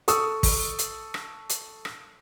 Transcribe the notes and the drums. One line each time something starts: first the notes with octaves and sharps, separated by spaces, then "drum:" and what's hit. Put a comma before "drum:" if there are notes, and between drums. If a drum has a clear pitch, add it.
A4 C#6 D#6 E6, drum: hi-hat
drum: kick, open hi-hat
drum: hi-hat
drum: rim click
drum: hi-hat
drum: rim click